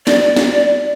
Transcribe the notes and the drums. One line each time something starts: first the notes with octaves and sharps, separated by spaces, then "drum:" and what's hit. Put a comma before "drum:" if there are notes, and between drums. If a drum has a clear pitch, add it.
D5, drum: snare
drum: snare